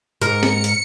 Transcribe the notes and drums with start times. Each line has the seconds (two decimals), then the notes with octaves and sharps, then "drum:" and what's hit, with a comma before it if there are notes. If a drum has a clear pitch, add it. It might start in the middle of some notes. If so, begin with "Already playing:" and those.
0.22 G#2 A#4 C#7, drum: hi-hat
0.43 drum: snare
0.64 drum: hi-hat